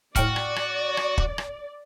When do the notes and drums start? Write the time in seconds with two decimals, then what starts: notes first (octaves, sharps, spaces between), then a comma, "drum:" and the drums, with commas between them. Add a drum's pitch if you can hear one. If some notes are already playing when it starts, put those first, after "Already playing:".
0.16 A2 F#4 D5 G5 F6, drum: kick, hi-hat
0.36 drum: rim click
0.56 drum: rim click
0.97 drum: rim click
1.18 drum: kick
1.38 drum: rim click